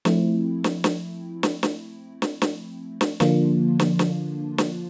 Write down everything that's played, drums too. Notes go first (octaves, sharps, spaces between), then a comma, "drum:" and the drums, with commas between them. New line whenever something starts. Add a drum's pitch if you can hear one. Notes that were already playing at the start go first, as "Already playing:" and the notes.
F3 A3 C4 E4, drum: snare
drum: snare
drum: snare
drum: snare
drum: snare
drum: snare
drum: snare
drum: snare
D3 F3 A#3 D4 F4, drum: snare
drum: snare
drum: snare
drum: snare